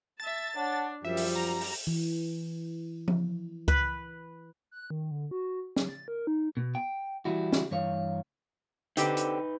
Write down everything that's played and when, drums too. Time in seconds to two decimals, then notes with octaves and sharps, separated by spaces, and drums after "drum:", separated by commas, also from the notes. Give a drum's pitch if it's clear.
0.20 E5 A5 A6
0.56 D4 C#5 F#5 A5
1.04 F#2 F3 G3 E5
1.17 drum: open hi-hat
1.36 A#5
1.61 drum: open hi-hat
1.87 E3
3.08 drum: tom F3
3.68 B4, drum: kick C#2
4.71 F#6
4.90 D#3
5.11 D3
5.31 F#4
5.76 F#3, drum: snare
5.89 A6
6.08 A#4
6.27 D#4
6.57 B2
6.75 G5
7.25 E3 G3 E4 F#4
7.53 drum: snare
7.71 G2 E3 C#5 F5
8.97 D3 C4 D#4 G4 B4, drum: hi-hat
9.17 drum: hi-hat